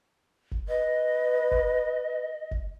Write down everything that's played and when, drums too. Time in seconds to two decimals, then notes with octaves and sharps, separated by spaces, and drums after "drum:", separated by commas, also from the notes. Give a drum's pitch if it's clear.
0.51 drum: kick F#1
0.68 B4 D#5
1.51 drum: kick F#1
2.51 drum: kick F#1